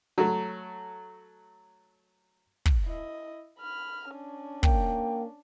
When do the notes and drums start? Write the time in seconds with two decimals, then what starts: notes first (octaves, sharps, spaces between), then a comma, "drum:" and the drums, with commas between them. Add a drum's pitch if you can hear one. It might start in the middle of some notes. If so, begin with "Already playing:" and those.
0.18 F#3 A3
2.66 drum: kick
2.84 E4 D#5
3.60 B5 F6
4.12 C#4 D4
4.63 A#3 G5, drum: kick